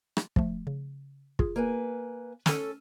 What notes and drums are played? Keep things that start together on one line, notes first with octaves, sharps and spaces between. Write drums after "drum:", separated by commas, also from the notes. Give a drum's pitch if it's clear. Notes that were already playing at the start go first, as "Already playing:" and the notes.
drum: rim click
F3 A3, drum: kick
C#3
F4 G#4, drum: kick
A#3 B4 G#5
C#4 A4 E6 F6 D#7, drum: snare